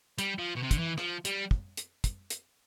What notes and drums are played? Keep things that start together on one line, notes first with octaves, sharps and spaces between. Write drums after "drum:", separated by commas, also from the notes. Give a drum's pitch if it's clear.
G3, drum: hi-hat
F3
B2
C3
D3, drum: kick, hi-hat
E3
F3, drum: rim click
G3, drum: hi-hat
drum: kick
drum: hi-hat
drum: kick, hi-hat
drum: hi-hat